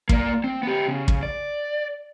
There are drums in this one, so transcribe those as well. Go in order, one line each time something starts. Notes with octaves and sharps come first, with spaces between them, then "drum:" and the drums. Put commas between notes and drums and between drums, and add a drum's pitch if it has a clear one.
A#3 D5, drum: kick
C4
B3 G4
C#3
drum: kick
D5